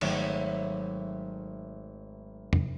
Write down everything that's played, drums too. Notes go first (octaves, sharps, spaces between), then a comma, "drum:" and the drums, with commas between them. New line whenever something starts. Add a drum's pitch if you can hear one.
G#1 F#3 A3 E5 F5, drum: cymbal
drum: tom